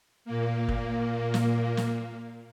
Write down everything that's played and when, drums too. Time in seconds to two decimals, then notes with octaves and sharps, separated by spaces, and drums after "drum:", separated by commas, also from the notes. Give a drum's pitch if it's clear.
0.25 A#2 A#3
0.68 drum: kick
1.34 drum: snare
1.77 drum: snare